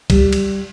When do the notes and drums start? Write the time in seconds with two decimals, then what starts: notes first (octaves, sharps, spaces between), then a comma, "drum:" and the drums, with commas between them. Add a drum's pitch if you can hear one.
0.10 G3, drum: kick C2, cymbal
0.33 drum: cymbal